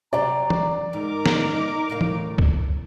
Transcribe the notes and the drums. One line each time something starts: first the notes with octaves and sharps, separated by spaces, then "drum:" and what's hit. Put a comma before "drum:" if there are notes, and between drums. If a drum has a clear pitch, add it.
C3 F#3 G3 D5 A#5
drum: tom
G#2 D#4 A#4 D6
drum: snare
A2 C#3 F5
drum: tom E3
drum: kick C#2